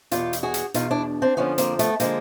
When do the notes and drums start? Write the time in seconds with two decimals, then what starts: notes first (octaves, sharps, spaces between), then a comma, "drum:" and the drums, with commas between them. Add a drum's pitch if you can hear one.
0.11 E2 B2 F4 G4, drum: hi-hat
0.33 drum: hi-hat
0.43 F#4 G#4
0.54 drum: hi-hat
0.74 E2 B2 D#4 F4, drum: hi-hat
0.91 D4 E4
1.22 C4 D4
1.37 F2 D3 F3 B3 C#4
1.58 A#3 C4, drum: hi-hat
1.79 A3 B3, drum: hi-hat
2.00 D3 F3 G#3 A#3, drum: hi-hat